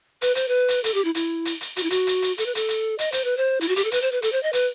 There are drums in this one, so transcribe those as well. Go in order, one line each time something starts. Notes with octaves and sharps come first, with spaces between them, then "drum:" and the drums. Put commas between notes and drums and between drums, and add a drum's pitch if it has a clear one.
B4, drum: hi-hat
C5, drum: hi-hat
B4
drum: hi-hat
A4, drum: hi-hat
G4
E4
E4, drum: hi-hat
drum: hi-hat
drum: hi-hat
F#4, drum: hi-hat
E4
F#4, drum: hi-hat
drum: hi-hat
drum: hi-hat
A4, drum: hi-hat
B4
A4, drum: hi-hat
drum: hi-hat
D#5, drum: hi-hat
C5, drum: hi-hat
B4
C5
E4, drum: hi-hat
F#4
G4, drum: hi-hat
A4
B4, drum: hi-hat
C5
B4
A4, drum: hi-hat
C5
D#5
B4, drum: hi-hat